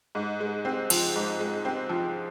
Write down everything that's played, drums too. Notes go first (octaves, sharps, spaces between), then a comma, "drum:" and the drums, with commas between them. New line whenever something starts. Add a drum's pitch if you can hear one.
G#2
G#3
C4
F3, drum: cymbal
G#2
G#3
C4
F3